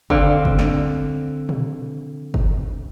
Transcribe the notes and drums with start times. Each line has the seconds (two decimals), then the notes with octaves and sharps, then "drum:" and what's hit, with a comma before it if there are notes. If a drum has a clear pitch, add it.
0.10 D3 C4 F5, drum: kick F#1
0.45 drum: kick F#1
0.59 drum: snare
1.49 drum: tom
2.34 drum: kick F#1